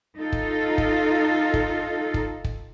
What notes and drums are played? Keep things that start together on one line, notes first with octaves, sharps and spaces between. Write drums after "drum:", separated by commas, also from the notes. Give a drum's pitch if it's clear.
D#4 F4 A4
drum: kick
drum: kick
drum: kick
drum: kick
drum: kick